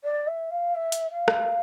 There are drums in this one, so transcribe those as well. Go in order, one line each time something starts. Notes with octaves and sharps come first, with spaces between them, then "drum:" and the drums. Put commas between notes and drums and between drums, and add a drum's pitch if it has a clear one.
D5
E5
F5
E5
drum: hi-hat
F5
drum: rim click